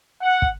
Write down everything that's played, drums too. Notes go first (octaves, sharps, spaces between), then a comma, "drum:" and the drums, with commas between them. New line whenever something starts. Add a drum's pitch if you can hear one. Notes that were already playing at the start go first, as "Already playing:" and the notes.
F#5
drum: kick